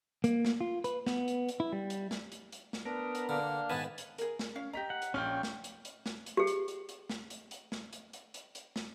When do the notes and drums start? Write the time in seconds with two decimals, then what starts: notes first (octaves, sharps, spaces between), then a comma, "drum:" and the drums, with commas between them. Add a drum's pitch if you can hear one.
0.24 A#3, drum: hi-hat
0.45 drum: snare
0.61 F4
0.84 B4, drum: hi-hat
1.07 B3, drum: snare
1.28 drum: hi-hat
1.49 drum: hi-hat
1.60 E4
1.72 G3
1.90 drum: hi-hat
2.11 drum: snare
2.32 drum: hi-hat
2.52 drum: hi-hat
2.73 drum: snare
2.85 B3 D4 A#4
3.15 drum: hi-hat
3.29 D3 A#3 D4 F6
3.70 G#2 D#3 B3 B4 G#5 A5
3.98 drum: hi-hat
4.18 G#4 A#4, drum: hi-hat
4.39 drum: snare
4.55 C#4 C#5 F5
4.73 G4 D#5 A#5 B6
4.90 F#5
5.02 drum: hi-hat
5.14 A#1 C#4 G5 F6
5.43 drum: snare
5.64 drum: hi-hat
5.85 drum: hi-hat
6.06 drum: snare
6.26 drum: hi-hat
6.37 G4 G#4
6.47 drum: hi-hat
6.68 drum: hi-hat
6.89 drum: hi-hat
7.10 drum: snare
7.30 drum: hi-hat
7.51 drum: hi-hat
7.72 drum: snare
7.93 drum: hi-hat
8.13 drum: hi-hat
8.34 drum: hi-hat
8.55 drum: hi-hat
8.76 drum: snare